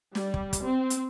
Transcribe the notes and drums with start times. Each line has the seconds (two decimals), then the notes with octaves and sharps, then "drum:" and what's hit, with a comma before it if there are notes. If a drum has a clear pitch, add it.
0.15 G3, drum: snare
0.34 drum: kick
0.53 drum: kick, hi-hat
0.65 C4
0.90 drum: hi-hat